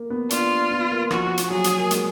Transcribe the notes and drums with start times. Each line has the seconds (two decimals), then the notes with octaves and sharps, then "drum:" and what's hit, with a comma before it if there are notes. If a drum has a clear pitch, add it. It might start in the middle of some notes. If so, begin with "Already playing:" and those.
Already playing: A#3
0.10 B3
0.30 D4 F4, drum: hi-hat
0.51 D4
0.71 B3
0.91 A#3
1.11 F3 F#4, drum: rim click
1.38 drum: hi-hat
1.50 F#3 G#4
1.64 drum: hi-hat
1.79 A#3
1.91 G#3, drum: hi-hat